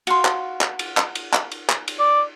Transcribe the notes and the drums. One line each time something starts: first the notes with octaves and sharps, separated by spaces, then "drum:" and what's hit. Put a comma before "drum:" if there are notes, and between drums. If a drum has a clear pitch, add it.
F#4 F5 C6, drum: cymbal
drum: clap
drum: clap
drum: cymbal
drum: clap
drum: cymbal
drum: clap
drum: cymbal
drum: clap
drum: cymbal
D5